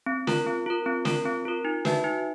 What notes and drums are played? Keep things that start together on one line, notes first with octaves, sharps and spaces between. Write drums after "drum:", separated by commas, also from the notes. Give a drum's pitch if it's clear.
C4
F4 A#4, drum: snare
C4
F4 A#4
C4
F4 A#4, drum: snare
C4
F4 A#4
D#4
F#4 B4 E5 A5, drum: snare
D#4